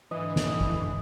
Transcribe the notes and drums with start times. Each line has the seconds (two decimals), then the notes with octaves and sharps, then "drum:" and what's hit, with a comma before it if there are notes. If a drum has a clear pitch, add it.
0.11 G#2 D3 E3 D#5
0.36 drum: snare
0.61 drum: kick A1